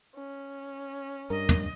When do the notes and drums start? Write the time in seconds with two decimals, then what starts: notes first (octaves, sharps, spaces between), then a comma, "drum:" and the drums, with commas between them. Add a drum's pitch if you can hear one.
0.15 C#4
1.30 G2 A#4 D#5
1.49 drum: tom